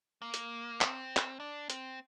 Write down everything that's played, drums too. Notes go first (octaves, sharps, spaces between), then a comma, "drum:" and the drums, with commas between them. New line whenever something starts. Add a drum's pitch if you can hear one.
A#3
drum: hi-hat
C4, drum: clap
drum: clap
D4
C4, drum: hi-hat